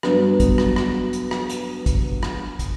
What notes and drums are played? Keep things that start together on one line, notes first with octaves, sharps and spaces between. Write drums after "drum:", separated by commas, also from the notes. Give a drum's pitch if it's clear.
G2 F#3 B3, drum: rim click
drum: kick, hi-hat
drum: rim click
drum: rim click
drum: hi-hat
drum: rim click
drum: hi-hat
drum: kick, hi-hat
drum: rim click
drum: kick, hi-hat